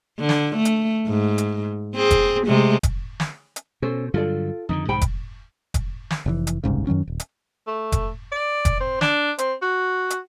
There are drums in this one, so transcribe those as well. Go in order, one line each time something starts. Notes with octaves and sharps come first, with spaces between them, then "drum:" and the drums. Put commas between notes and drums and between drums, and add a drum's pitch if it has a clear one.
D3
drum: snare
A3
drum: hi-hat
G#2
drum: hi-hat
C4 G#4
drum: kick F1, hi-hat
C3 G#3 A3
drum: kick F1, hi-hat
drum: snare
drum: hi-hat
B2 C#4 A4 C5
G2 D3 F#3 F4 A4 D5
F2 D3 D#3 D#4
B1 G#2 D#3 C5 G5 B5
drum: kick F1, hi-hat
drum: kick F1, hi-hat
drum: snare
F1 B2 E3
drum: hi-hat
F#1 C2 G#2 C#3
F#2 D#3 F#3 C#4
D#1
drum: hi-hat
A3
drum: kick F1, hi-hat
D5
drum: kick F1, hi-hat
C4
D4, drum: snare
C4, drum: hi-hat
F#4
drum: hi-hat